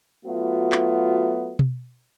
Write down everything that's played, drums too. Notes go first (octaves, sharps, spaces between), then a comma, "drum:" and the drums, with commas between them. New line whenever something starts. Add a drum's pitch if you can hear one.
F#3 A3 B3 F4 F#4
drum: clap
drum: tom B2